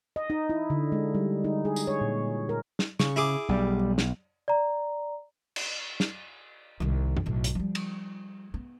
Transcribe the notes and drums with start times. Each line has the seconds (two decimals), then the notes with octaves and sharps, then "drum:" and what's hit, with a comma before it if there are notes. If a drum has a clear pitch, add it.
0.16 D#5
0.30 D#4
0.50 E4
0.70 D3
0.92 G#3
1.15 G3
1.44 D#4
1.65 G#4
1.76 drum: tambourine
1.88 C#5
2.01 A#2
2.49 A#4
2.79 drum: snare
3.00 C#3 C#6, drum: snare
3.16 E4 G#4 D6
3.49 B1 G3
3.98 drum: snare
4.48 D5 A#5
5.56 drum: cymbal
6.00 drum: snare
6.80 C2 D#3
7.17 drum: tom F#2
7.26 B1 A2
7.44 drum: hi-hat
7.55 F3 G3
7.75 drum: cymbal
8.54 B3